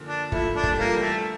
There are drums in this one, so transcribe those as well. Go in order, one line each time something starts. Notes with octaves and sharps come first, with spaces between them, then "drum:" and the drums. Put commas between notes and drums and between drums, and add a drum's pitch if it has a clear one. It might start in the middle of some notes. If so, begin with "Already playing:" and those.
Already playing: A#2 D3 F3
D4
F3 A3 E4, drum: kick
D4
A3, drum: kick
G3
F3 A3 A#3
E3 G3
A3